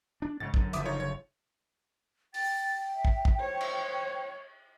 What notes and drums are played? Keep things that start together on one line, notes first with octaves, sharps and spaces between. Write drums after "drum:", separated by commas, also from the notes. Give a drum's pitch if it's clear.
D4
G#2 C#3 A6
F#2 D3, drum: kick
F#1 D3 F3 E5 D6 D#6, drum: hi-hat
D#4 F4 C#5
C#5
G5 A6, drum: open hi-hat
E5
drum: kick
drum: kick
C5 C#5
drum: cymbal